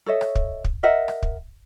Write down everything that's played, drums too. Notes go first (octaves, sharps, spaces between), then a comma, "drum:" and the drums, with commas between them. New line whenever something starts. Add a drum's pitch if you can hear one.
A4 C#5 D#5 E5
drum: rim click
drum: kick
drum: kick
A#4 D#5 E5 F#5
drum: rim click
drum: kick